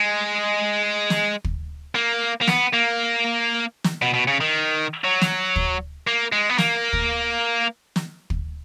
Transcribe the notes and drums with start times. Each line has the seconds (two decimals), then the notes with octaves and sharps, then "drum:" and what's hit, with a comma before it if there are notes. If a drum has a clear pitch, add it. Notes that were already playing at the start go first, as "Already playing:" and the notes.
Already playing: G#3
1.10 drum: snare
1.44 drum: kick
1.95 A#3
2.41 A#3
2.47 B3, drum: snare
2.73 A#3
3.84 drum: snare
4.02 B2
4.14 B2
4.27 C#3
4.41 D#3
5.04 F#3
5.22 drum: snare
5.56 drum: kick
6.07 A#3
6.32 G#3
6.50 B3
6.58 A#3, drum: snare
6.93 drum: kick
7.96 drum: snare
8.30 drum: kick